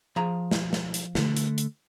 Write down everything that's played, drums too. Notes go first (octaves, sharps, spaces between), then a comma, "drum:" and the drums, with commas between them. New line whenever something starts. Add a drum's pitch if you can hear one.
F3 G#4 A#5
drum: snare
drum: snare
drum: hi-hat
D3 A3, drum: snare
drum: hi-hat
drum: hi-hat